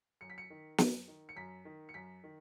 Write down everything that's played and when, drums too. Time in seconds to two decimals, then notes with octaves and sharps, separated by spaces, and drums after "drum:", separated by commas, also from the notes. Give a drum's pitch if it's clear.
0.21 F#2 C#7
0.30 B6
0.38 C#7
0.50 D#3
0.78 F#2, drum: snare
1.08 D#3
1.29 C#7
1.36 F#2 B6
1.65 D#3
1.89 C#7
1.94 F#2 B6
2.24 D#3